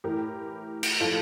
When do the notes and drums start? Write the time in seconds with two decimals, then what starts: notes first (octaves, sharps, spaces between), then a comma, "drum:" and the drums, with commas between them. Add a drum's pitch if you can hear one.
0.04 A2 E3 G4 A#4
0.83 drum: cymbal
1.00 A2 F3 F4 A4